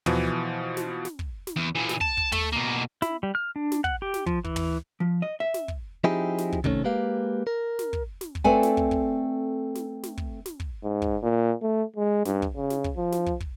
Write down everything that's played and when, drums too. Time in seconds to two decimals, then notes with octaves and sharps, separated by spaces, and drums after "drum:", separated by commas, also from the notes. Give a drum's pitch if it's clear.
0.06 B2 E3 F3, drum: tom
0.77 drum: snare
1.05 drum: snare
1.19 drum: kick
1.47 drum: snare
1.56 E2
1.75 A#2 E3
1.89 drum: snare
2.01 A5, drum: kick
2.17 drum: kick
2.32 A3, drum: tom
2.52 B2 A#3
3.02 E4, drum: snare
3.23 G3
3.35 F6
3.56 D4
3.72 drum: snare
3.84 F#5, drum: kick
4.02 G4
4.14 drum: snare
4.26 F3, drum: kick
4.44 E3, drum: kick
4.56 drum: tom
5.00 F3
5.22 D#5
5.40 E5
5.54 drum: snare
5.68 drum: kick
6.04 F3 C4 D#4 E4 G4 G#4
6.38 drum: snare
6.52 drum: kick
6.64 C3 D#3 G3 A3 C#4, drum: kick
6.84 G#3 A#3 G4 B4 F5
7.47 A#4
7.79 drum: snare
7.93 drum: kick
8.21 drum: snare
8.35 drum: kick
8.44 A3 C4 A4 B4 D5 G#5
8.63 drum: snare
8.77 drum: kick
8.91 drum: kick
9.75 drum: snare
10.03 drum: snare
10.17 drum: kick
10.46 drum: snare
10.60 drum: kick
10.84 G#2
11.02 drum: kick
11.23 A#2
11.62 A3
11.96 G#3
12.25 G2, drum: snare
12.42 drum: kick
12.56 C#3
12.70 drum: snare
12.84 drum: kick
12.97 F3
13.12 drum: snare
13.26 drum: kick
13.40 drum: kick